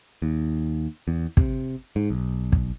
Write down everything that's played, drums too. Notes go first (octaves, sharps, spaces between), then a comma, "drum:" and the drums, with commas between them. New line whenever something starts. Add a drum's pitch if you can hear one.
D#2
E2
C3, drum: kick
G#2
B1
drum: kick